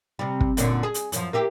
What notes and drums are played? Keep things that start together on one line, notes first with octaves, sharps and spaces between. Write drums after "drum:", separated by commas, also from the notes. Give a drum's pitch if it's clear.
C3 G3
drum: kick
F#2 A#2 D3, drum: hi-hat
G#4
drum: hi-hat
F#2 F3, drum: hi-hat
A#3 E4 G4